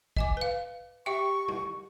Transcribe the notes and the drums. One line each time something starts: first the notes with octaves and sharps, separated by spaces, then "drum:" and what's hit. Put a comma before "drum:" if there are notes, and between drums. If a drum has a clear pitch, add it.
D#5 G#5 D6, drum: kick
B4 F5
G4 E5 G5 C#6
drum: tom